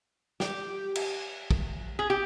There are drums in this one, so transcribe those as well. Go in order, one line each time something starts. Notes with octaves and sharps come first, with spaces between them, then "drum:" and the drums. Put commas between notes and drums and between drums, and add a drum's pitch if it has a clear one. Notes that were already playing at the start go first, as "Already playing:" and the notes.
G4, drum: snare
drum: cymbal
drum: kick
G#4
G4